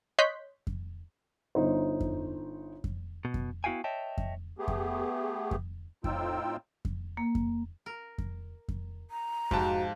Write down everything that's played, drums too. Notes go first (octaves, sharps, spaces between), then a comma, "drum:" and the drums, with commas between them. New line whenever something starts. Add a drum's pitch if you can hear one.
C#5 D#5 C6 F#6 G6 B6
drum: kick F2
G1 D#4 C5
drum: kick F2
drum: kick F2
B2
drum: kick F2
B3 E4 F#4 F5 G5 G#5
C#5 D#5 E5 G5 A5
drum: kick F2
A3 B3 G4 G#4
drum: kick F2
drum: kick F2
A2 C4 D#4 F4 G5 E6, drum: kick F2
drum: kick F2
A#3
drum: kick F2
A#4
drum: kick F2
drum: kick F2
A#5
G#2 F3 F#4 G4 A5, drum: kick F2